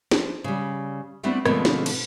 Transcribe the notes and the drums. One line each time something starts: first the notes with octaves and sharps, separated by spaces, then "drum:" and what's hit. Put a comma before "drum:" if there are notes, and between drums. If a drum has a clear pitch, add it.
F3, drum: snare
C#3 G3
G3 A3 B3 C4 D4 E4
B2 D3 F3 G#3 A3 C4, drum: rim click
drum: snare
drum: cymbal